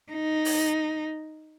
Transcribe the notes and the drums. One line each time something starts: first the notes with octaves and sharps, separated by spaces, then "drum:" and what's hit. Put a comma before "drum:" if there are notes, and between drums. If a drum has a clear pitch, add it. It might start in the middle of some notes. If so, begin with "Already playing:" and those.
D#4
drum: open hi-hat